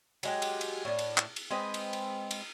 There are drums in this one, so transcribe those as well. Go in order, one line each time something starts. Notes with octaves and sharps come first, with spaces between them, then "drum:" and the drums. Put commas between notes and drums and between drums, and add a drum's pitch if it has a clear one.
F#3 G#3 G4, drum: cymbal
drum: cymbal
drum: cymbal
A2 D4
drum: cymbal
drum: clap
drum: cymbal
G#3 C4 B4 D#5
drum: cymbal
drum: cymbal
drum: cymbal